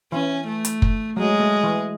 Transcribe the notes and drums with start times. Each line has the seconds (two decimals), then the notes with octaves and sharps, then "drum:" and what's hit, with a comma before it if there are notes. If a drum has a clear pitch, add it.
0.12 E3 C#4
0.47 A3
0.65 drum: hi-hat
0.82 drum: kick F#1
1.16 F#3 G#3
1.40 A3
1.63 E3